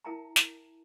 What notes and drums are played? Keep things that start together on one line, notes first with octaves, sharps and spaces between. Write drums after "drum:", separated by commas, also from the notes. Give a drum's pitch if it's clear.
E4 A#4 E5 G5 A5 A#5
drum: snare